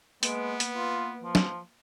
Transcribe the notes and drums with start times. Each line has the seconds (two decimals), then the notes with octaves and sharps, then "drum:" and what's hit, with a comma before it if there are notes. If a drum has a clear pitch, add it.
0.23 G#3 A#3 B3 B4 D7, drum: hi-hat
0.60 drum: hi-hat
0.76 F4
1.23 F3
1.35 drum: snare